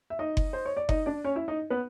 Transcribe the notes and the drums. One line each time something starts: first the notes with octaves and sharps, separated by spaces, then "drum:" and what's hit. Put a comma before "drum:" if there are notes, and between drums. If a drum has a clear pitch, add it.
E5
D#4 D#5
drum: kick F#1
C5
C#5
D5
D#4 D#5, drum: kick F#1
D4 D5
C#4 C#5
E4 E5
D#4 D#5
B3 B4